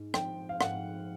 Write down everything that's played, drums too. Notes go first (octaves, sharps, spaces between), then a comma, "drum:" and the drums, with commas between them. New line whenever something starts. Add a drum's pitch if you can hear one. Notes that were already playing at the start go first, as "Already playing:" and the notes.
Already playing: G#2
F3 G5, drum: rim click
F5
G#2 F#5, drum: rim click